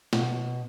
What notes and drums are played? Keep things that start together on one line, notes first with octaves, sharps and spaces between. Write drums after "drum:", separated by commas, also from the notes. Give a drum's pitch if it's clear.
B2, drum: snare